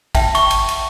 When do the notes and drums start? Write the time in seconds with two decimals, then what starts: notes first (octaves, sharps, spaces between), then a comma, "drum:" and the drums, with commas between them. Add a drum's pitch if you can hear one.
0.15 E5 G5 A5, drum: kick, cymbal
0.35 C#6, drum: cymbal
0.51 drum: cymbal
0.68 drum: cymbal